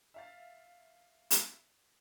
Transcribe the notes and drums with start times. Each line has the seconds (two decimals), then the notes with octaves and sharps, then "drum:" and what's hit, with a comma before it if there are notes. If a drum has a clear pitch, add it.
0.14 E5 F5 A6
1.31 drum: hi-hat